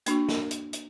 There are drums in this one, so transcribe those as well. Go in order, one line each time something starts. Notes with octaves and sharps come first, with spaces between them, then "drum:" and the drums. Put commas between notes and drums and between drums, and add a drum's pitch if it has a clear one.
A#3 D4 F#4 C#6, drum: hi-hat
drum: snare
drum: hi-hat
drum: hi-hat